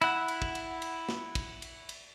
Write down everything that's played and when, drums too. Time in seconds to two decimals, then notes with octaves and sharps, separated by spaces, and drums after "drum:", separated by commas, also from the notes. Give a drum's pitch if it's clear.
0.01 E4 F#5, drum: cymbal
0.28 drum: cymbal
0.42 drum: kick
0.55 drum: cymbal
0.82 drum: cymbal
1.09 drum: snare
1.35 drum: kick, cymbal
1.62 drum: cymbal
1.89 drum: cymbal